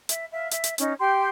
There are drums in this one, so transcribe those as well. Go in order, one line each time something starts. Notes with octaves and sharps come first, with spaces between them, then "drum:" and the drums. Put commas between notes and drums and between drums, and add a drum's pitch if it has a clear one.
E5, drum: hi-hat
E5 F5
E5, drum: hi-hat
drum: hi-hat
C#4 D#4, drum: hi-hat
G4 G5 C6